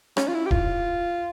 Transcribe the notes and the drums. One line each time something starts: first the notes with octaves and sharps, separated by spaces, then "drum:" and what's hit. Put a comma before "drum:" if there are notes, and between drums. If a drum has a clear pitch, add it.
C#4, drum: rim click
F4
E4
G4
F4, drum: kick D1